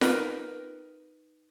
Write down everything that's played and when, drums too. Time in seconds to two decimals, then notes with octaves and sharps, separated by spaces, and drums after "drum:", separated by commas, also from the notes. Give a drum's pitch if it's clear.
0.01 D#4 A#4 B4 G5, drum: snare F4